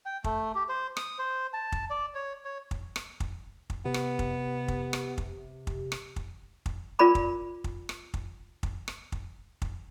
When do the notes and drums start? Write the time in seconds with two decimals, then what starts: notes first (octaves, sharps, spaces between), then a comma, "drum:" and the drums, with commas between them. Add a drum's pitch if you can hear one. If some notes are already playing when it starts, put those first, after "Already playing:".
0.06 G5
0.24 A3, drum: kick
0.55 G4
0.69 C5
0.97 D#6, drum: rim click
1.19 C5
1.53 A5
1.72 drum: kick
1.90 D5
2.15 C#5
2.45 C#5
2.71 drum: kick
2.96 drum: rim click
3.20 drum: kick
3.70 drum: kick
3.85 C3 B3
3.94 drum: rim click
4.19 drum: kick
4.68 drum: kick
4.93 drum: rim click
5.18 drum: kick
5.67 drum: kick
5.92 drum: rim click
6.16 drum: kick
6.66 drum: kick
6.99 F4 A#4 D5 B5 D6
7.15 drum: kick
7.64 drum: kick
7.89 drum: rim click
8.14 drum: kick
8.63 drum: kick
8.88 drum: rim click
9.12 drum: kick
9.62 drum: kick